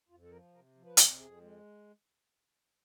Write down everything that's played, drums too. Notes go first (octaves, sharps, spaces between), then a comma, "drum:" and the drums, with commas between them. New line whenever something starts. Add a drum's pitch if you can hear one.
F2 F4
A4
F3 A#4
C3 A#4
F3
B4
C3 A#4, drum: hi-hat
F2 G#4
G#3